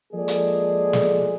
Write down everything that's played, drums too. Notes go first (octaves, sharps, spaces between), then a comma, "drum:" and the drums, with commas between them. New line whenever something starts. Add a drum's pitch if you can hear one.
F3 G#3 A#3 G#4 A4 D5
drum: hi-hat
drum: snare